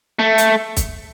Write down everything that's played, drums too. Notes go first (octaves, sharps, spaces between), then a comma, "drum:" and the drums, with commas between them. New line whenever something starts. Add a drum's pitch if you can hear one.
A3
drum: hi-hat
drum: kick, hi-hat